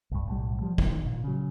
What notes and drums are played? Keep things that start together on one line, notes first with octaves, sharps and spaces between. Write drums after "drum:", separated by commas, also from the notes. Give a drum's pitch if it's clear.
C2 G2
B1 A2 G3
F3 G3
D#3, drum: kick
A#2
C#3 F#3